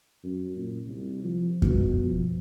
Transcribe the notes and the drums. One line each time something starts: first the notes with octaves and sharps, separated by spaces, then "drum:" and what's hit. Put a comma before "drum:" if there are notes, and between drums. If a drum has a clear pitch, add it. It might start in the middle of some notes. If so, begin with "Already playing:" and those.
F#2
A#2
C2
F3
B2, drum: kick F#2
F3